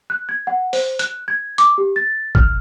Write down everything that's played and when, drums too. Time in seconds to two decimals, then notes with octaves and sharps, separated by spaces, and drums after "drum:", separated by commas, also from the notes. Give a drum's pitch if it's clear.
0.10 F#6
0.29 G#6
0.47 F#5
0.73 C5, drum: open hi-hat
0.99 F#6, drum: hi-hat
1.28 G#6
1.58 D6, drum: hi-hat
1.78 G4
1.96 A6
2.35 F6, drum: kick G#1